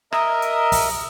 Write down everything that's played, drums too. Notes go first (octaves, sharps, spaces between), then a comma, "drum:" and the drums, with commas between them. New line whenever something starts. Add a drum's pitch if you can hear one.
A#4 D#5 E5, drum: rim click
drum: hi-hat
drum: kick, open hi-hat